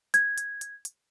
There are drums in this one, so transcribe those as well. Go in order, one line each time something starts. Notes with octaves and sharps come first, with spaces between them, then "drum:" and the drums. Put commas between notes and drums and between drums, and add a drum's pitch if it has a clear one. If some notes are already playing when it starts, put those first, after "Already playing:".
G#6, drum: hi-hat
drum: hi-hat
drum: hi-hat
drum: hi-hat